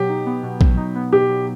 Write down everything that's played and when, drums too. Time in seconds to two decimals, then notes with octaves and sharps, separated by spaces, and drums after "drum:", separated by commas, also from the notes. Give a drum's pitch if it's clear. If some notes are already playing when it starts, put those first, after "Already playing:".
Already playing: B2 F#3 G4
0.09 D#4
0.26 B3
0.43 B2
0.61 F#3, drum: kick A#1
0.77 D#4
0.95 B3
1.12 B2 G4
1.29 F#3